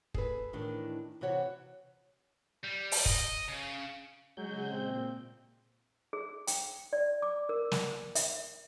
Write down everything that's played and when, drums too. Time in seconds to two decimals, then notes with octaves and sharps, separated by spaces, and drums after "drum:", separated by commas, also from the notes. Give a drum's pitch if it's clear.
0.14 G#4 A4 B4, drum: kick
0.53 A2 D#3 E3 D4 D#4
1.21 C3 E3 F#4 C#5 F#5
2.64 G3
2.92 drum: open hi-hat
3.06 D#5, drum: kick
3.49 C#3
4.37 C#3 F#3 G#3 F#4 G#4 G6
4.69 A#2 C4
6.13 G#4
6.47 G5, drum: hi-hat
6.93 D5
7.22 D6
7.49 A#4
7.72 drum: snare
8.15 E5, drum: hi-hat